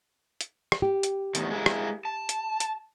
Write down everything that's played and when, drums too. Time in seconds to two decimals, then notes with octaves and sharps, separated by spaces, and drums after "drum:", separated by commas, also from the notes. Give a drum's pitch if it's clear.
0.41 drum: hi-hat
0.72 drum: rim click
0.82 G4
1.03 drum: hi-hat
1.35 E2 A2 D#3, drum: hi-hat
1.51 G#3 A#3 E4
1.66 drum: rim click
2.05 A5
2.29 drum: hi-hat
2.60 drum: hi-hat